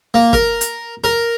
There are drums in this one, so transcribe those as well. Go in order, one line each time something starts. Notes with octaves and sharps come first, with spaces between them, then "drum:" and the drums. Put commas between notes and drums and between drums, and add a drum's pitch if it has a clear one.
A#3
A#4, drum: kick
drum: hi-hat
A#4